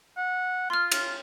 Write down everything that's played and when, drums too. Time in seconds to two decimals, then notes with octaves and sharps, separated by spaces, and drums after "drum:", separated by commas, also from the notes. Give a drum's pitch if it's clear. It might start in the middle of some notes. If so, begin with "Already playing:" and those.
0.17 F#5
0.70 F4 C6 F6
0.92 drum: cymbal